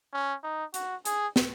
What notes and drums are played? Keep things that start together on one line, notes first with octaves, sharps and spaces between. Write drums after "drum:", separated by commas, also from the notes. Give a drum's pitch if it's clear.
C#4
D#4
F#4, drum: hi-hat
G#4, drum: hi-hat
drum: snare